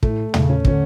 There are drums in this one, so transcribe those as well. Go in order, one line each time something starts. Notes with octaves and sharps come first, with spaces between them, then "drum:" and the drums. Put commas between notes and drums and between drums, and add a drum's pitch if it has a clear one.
A2 A3, drum: kick
C#3, drum: tom
C#4
D3 C#4, drum: kick